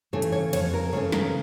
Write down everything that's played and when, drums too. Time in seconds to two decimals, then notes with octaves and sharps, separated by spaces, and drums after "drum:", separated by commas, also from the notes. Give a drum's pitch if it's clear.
0.13 C#3 E3 A3 C#4 C#5
0.22 drum: hi-hat
0.32 C#5
0.53 F2 C#5, drum: cymbal
0.74 A#4
0.93 C#3 E3 A3 C#4 C#5
1.12 A#4, drum: snare